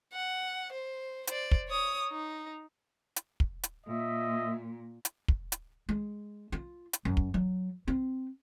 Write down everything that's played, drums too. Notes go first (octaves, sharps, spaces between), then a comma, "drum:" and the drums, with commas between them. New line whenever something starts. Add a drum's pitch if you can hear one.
F#5
C5
C5 D5, drum: hi-hat
drum: kick
C#5 D#6
D#4
drum: hi-hat
drum: kick
drum: hi-hat
A#2 D#5 E5
drum: hi-hat
drum: kick
drum: hi-hat
G#3
F4
drum: hi-hat
F#2
drum: kick
F#3
C4